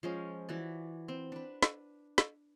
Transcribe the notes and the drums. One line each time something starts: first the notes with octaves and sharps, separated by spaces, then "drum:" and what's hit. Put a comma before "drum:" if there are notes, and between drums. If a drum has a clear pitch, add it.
F3 G#3 C#4
E3 F#4 D5
C4
D4 B4
drum: snare
drum: snare